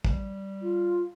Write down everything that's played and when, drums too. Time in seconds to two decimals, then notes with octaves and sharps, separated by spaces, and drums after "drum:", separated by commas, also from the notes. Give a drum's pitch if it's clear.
0.05 G3, drum: kick
0.62 F4